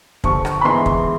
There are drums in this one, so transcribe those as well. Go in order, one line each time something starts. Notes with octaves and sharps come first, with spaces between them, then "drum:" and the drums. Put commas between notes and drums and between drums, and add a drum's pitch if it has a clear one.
G2 D3 F3 C#6, drum: kick
drum: rim click
B5
G#2 E3 G#3 B3 C6
drum: kick